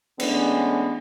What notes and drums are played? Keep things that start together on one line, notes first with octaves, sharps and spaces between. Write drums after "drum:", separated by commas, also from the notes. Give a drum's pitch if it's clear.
E3 G#3 A3 B3 C#4 D4, drum: cymbal